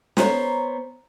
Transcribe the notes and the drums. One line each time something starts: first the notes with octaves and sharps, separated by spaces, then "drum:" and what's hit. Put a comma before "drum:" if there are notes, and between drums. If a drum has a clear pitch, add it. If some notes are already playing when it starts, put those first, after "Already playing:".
B3 C5 C#5 A#5, drum: snare